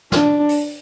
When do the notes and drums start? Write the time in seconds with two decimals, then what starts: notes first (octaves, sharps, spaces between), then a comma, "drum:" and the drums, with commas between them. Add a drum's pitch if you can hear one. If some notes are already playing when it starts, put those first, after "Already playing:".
0.12 D4, drum: snare
0.49 drum: open hi-hat